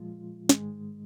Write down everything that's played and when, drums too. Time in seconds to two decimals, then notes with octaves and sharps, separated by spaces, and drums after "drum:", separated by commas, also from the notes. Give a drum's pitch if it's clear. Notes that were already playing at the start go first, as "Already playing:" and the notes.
Already playing: A#2 F3 G#3 F4
0.49 G#2 D#3 G#3, drum: snare